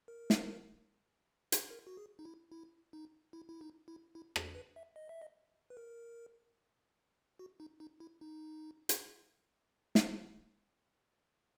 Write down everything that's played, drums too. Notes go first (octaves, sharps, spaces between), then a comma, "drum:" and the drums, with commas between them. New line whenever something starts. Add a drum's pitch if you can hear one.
A#4
drum: snare
drum: hi-hat
A#4
F#4
G#4
D#4
E4
E4
D#4
E4
E4
D#4
E4
E4
G#4, drum: rim click
B4
E5
D#5
E5
D#5
B4
A#4
F#4
D#4
D#4
E4
D#4
drum: hi-hat
drum: snare